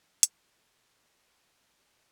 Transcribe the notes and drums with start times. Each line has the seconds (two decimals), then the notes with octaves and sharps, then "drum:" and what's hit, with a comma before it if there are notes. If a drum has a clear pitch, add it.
0.23 E4 C5, drum: hi-hat